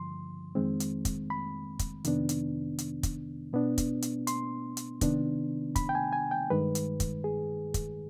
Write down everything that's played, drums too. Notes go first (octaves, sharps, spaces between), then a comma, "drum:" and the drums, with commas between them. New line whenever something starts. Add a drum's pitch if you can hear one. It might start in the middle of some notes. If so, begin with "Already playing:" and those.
Already playing: G2 D3 F3 C6
F2 D#3 G#3 C4
drum: hi-hat
drum: kick, hi-hat
B5
drum: kick, hi-hat
F2 C3 D#3 B3 D4, drum: hi-hat
drum: hi-hat
drum: hi-hat
drum: kick, hi-hat
B2 B3 D4
drum: kick, hi-hat
drum: hi-hat
C6, drum: hi-hat
drum: hi-hat
C3 D#3 B3 D4, drum: kick, hi-hat
B5, drum: kick, hi-hat
G5
G#5
G#5
G5
G2 D#3 G#3 B4
drum: hi-hat
drum: kick, hi-hat
G#4
drum: kick, hi-hat